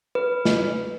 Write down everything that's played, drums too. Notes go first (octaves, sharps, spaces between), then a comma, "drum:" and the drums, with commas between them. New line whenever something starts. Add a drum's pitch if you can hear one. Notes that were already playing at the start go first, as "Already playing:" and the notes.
B4
drum: snare